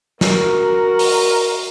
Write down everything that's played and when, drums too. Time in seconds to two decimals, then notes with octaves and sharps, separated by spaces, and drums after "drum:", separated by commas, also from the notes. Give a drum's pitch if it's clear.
0.21 F#4 A#4, drum: snare
0.99 drum: open hi-hat